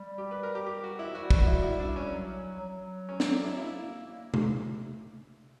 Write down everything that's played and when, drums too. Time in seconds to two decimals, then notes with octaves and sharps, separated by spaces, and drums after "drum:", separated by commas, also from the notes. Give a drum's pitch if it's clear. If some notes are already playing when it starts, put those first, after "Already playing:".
Already playing: G3
0.18 G4
0.31 B4
0.43 A#4
0.55 G4
0.66 G4
0.83 F#4
0.99 E4
1.15 G3 F#4
1.31 F#4, drum: kick
1.47 E4
1.63 E4
1.79 D4
1.96 C#4
2.12 F#3
2.60 F#3
3.09 C#4
3.20 D4, drum: snare
3.32 D4
3.44 E4
3.56 A#3 E4
4.05 A#3
4.34 drum: tom